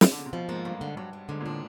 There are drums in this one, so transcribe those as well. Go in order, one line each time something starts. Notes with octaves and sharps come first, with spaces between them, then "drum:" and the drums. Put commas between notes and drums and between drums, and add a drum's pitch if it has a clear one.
drum: snare
D3
C#3
C3
B2 F3
G#2 A#3
G2 D3
D3
G2 F#3
F#3
G#2 D3
A#2
A2 D4